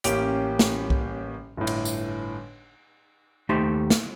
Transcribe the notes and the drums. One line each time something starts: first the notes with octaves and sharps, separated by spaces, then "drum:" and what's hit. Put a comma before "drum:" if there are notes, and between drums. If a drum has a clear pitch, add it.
A1 A#3 C#4 G4 G5 D7, drum: hi-hat
drum: snare
drum: kick C2
G1 A2
drum: cymbal
drum: tambourine
D#2 A3 D#4 G4 C5 C6
drum: snare